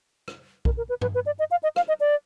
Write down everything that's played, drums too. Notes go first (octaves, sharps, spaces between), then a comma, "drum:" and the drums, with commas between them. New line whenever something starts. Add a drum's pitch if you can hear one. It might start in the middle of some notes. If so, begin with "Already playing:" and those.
drum: rim click
A#4, drum: kick
A#4
B4
B4, drum: tom G2
B4
D5
D#5
F5
D#5
F5, drum: rim click
D#5
D5